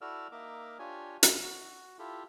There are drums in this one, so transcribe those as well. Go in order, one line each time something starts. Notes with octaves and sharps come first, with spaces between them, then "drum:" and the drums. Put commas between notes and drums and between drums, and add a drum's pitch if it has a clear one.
E4 F#4 A4 D5 E6 F6
A#3 D#4 A#4 E5 D6
D4 F4 G4 C#5 G#5
A#4, drum: hi-hat
F#4
E4 F4 G4 A4